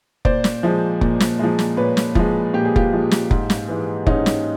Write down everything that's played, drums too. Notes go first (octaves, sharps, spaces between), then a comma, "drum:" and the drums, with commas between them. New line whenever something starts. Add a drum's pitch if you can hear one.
A#2 C5 D5, drum: kick F1
drum: snare
F3 G#3
A#2, drum: kick F1
drum: snare
F3 G#3
drum: snare
A#2 B4 C#5
drum: snare
F3 G#3, drum: kick F1
A#2 G4
G#4
F4 G4, drum: kick F1
F3 G#3
drum: snare
G#2, drum: kick F1
drum: snare
E3 G#3
G#2 C#4 D#4, drum: kick F1
drum: snare